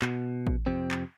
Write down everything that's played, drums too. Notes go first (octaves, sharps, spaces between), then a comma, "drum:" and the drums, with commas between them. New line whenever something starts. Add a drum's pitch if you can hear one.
B2, drum: clap
drum: kick A1
F2 C3 C4
drum: clap